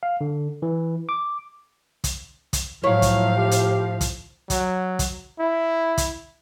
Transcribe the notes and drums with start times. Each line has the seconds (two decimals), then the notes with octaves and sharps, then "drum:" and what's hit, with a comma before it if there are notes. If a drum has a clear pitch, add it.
0.03 F5
0.21 D3
0.62 E3
1.09 D6
2.04 drum: kick, hi-hat
2.53 drum: kick, hi-hat
2.84 A2 F3 F#3 E4 C#5 F5
3.02 drum: kick, hi-hat
3.37 G4
3.51 drum: hi-hat
4.01 drum: kick, hi-hat
4.50 F#3, drum: kick, hi-hat
4.99 drum: kick, hi-hat
5.39 E4
5.98 drum: kick, hi-hat